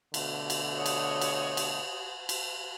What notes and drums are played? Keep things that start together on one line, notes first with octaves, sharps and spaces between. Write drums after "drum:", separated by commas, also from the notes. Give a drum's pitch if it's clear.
B2 D3 A3, drum: cymbal
drum: cymbal
C#5 D#5
drum: cymbal
drum: cymbal
drum: cymbal
drum: cymbal